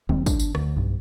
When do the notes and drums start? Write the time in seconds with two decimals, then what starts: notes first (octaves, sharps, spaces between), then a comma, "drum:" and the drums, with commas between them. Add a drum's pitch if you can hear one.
0.09 D1 D#2 D#3 C4, drum: tom F#3
0.26 D4, drum: kick, tambourine
0.39 drum: tambourine
0.55 D2, drum: rim click
0.76 B1 G2